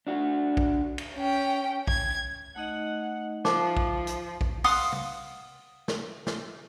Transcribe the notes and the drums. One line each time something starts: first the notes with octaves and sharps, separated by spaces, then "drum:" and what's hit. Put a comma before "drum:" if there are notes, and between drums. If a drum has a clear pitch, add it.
D4 F#4
drum: kick A#1
drum: cymbal
C#4 G5
G#6, drum: kick A#1
A3 D#4 D#5 F#5
F3 D#4 C5 E5 D6, drum: snare
drum: kick A#1
drum: hi-hat
drum: kick A#1
F5 F#5 C6 D#6, drum: open hi-hat
drum: tom C3
drum: snare
drum: snare